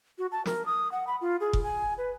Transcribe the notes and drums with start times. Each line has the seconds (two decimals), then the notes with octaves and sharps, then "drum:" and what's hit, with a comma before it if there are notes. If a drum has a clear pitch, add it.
0.18 F#4
0.32 A5
0.46 A#4, drum: snare
0.66 D#6
0.92 F#5
1.07 B5
1.21 F4
1.41 G#4
1.53 drum: kick F1
1.64 G#5
1.98 B4